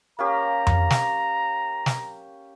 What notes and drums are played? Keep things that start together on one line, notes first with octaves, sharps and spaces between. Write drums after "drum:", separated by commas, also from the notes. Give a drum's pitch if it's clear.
A#3 C#4 G4 A#5
drum: tom F2
drum: snare
drum: snare